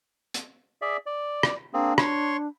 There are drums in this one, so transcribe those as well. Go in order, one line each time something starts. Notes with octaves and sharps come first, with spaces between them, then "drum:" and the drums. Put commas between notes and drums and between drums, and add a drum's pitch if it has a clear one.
drum: hi-hat
G#4 D5 E5
D5
drum: rim click
A#3 C4 D4 G#4
C#5 C6 C#6, drum: rim click